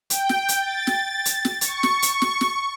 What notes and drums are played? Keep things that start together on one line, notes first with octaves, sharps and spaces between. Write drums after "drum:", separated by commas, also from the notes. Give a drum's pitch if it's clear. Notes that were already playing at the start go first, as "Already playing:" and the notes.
G5, drum: hi-hat
drum: snare
drum: hi-hat
A6
drum: snare
drum: hi-hat
drum: snare
C#6, drum: hi-hat
drum: snare
drum: hi-hat
drum: snare
drum: snare